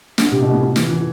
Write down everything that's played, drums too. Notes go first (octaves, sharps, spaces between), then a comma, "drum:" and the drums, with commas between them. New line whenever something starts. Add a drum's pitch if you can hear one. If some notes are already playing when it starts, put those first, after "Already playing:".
D3, drum: snare
C3
B2
A2
C3
E3, drum: snare
E3